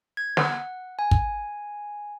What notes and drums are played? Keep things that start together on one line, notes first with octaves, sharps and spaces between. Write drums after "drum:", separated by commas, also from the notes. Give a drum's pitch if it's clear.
G#6
F#5, drum: snare
G#5
drum: kick